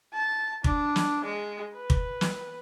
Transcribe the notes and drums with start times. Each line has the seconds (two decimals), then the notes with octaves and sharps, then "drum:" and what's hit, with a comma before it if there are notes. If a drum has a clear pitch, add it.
0.13 A5
0.64 D4, drum: kick
0.96 drum: snare
1.25 G#3
1.74 B4
1.90 drum: kick
2.21 drum: snare